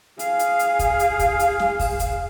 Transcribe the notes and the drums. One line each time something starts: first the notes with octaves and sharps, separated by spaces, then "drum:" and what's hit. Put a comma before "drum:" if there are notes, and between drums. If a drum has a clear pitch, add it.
G#4 F5, drum: hi-hat
drum: hi-hat
drum: hi-hat
drum: kick, hi-hat
drum: hi-hat
drum: kick, hi-hat
drum: hi-hat
drum: snare
drum: kick, open hi-hat
drum: kick, hi-hat